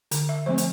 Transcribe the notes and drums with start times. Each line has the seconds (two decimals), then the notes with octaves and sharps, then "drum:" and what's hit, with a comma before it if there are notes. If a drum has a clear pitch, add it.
0.11 D3, drum: hi-hat
0.29 E5
0.46 F3 A3 C4 C5
0.58 drum: hi-hat